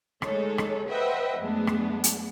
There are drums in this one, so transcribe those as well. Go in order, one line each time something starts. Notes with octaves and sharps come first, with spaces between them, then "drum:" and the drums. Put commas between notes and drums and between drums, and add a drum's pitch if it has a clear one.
G#3 A3 D#4 A4 C#5, drum: rim click
drum: rim click
B4 C5 D#5 E5 F#5 G5
F#2 G#3 A3 B3 D4
drum: rim click
drum: hi-hat